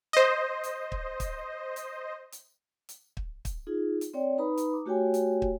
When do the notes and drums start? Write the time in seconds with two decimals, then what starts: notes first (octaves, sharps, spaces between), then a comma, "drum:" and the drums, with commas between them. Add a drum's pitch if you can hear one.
0.13 C5 D#5
0.64 drum: hi-hat
0.92 drum: kick
1.20 drum: kick, hi-hat
1.76 drum: hi-hat
2.32 drum: hi-hat
2.89 drum: hi-hat
3.17 drum: kick
3.45 drum: kick, hi-hat
3.67 D#4 F4 G#4
4.01 drum: hi-hat
4.14 C4 C#5 D5 G5
4.38 D#4 B4 A#5 B5 D#6
4.57 drum: hi-hat
4.73 D6
4.86 A3 F#4 G4 C#5 G5 G#5
5.14 drum: hi-hat
5.42 drum: kick